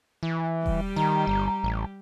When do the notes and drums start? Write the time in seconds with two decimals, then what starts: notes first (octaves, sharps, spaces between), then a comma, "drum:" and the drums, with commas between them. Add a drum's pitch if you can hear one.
0.23 E3
0.66 G3 G4, drum: kick E1
0.96 D#3 A#5
1.27 G1
1.64 A1